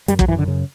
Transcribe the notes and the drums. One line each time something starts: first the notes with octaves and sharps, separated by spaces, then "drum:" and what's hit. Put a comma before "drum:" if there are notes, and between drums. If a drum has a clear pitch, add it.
F#2 G3, drum: hi-hat
F#3, drum: kick
F#2 E3
D3
C#3